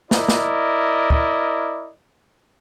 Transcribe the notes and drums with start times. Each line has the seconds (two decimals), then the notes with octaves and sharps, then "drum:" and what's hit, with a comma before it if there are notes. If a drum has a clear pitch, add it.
0.11 E4 A#4 D5 D#5, drum: snare
0.28 drum: snare
1.10 drum: kick